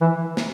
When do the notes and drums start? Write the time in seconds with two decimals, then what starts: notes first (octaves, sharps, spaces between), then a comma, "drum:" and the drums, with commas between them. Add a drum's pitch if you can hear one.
0.01 E3
0.37 drum: snare